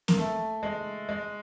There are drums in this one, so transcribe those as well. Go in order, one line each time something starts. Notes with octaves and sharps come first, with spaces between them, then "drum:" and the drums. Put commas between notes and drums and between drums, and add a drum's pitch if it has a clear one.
A#3, drum: snare
A3
G#3
G#3